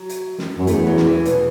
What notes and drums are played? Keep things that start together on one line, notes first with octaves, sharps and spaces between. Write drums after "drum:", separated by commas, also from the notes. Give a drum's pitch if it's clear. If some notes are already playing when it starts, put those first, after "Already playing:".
Already playing: F#3
drum: hi-hat
drum: snare
F#2
E2 A3, drum: hi-hat
F#3
drum: snare
E3
B2, drum: hi-hat